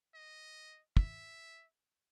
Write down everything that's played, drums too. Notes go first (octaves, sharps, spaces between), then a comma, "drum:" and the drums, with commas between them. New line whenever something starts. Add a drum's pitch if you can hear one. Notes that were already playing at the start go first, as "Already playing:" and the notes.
D#5
E5, drum: kick